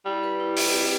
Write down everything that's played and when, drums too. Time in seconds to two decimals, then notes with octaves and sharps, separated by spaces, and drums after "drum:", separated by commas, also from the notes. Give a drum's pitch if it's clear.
0.06 G3 E4
0.23 B4
0.40 E4
0.57 B4, drum: open hi-hat
0.73 C4